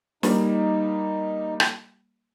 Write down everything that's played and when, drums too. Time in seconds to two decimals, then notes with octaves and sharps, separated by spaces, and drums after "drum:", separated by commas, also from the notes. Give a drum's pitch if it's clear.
0.23 G3 A#3 D#4, drum: snare
1.60 drum: rim click